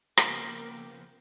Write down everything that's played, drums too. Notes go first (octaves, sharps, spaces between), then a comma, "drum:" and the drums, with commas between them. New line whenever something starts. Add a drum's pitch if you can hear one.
C#3 F3 A#3 B3 A#4 G5 D6, drum: rim click